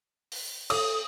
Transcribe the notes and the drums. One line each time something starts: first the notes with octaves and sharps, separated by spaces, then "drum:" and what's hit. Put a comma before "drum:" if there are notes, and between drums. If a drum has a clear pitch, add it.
drum: open hi-hat
A4 D#6, drum: cymbal